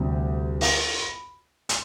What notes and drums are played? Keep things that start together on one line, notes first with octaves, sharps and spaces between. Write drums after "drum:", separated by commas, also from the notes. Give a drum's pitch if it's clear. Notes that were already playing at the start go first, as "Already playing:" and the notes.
Already playing: D2 C3 G3
drum: open hi-hat
B5
C6, drum: hi-hat